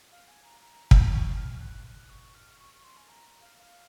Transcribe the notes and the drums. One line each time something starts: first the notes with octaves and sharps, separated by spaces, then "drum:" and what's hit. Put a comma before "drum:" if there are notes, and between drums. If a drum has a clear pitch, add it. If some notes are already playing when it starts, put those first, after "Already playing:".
F5
G#5
A#5
A#5
drum: kick
C#6
F6
F#6
F#6
C#6
F6
C#6
C#6
C6
G#5
A#5
F5
F5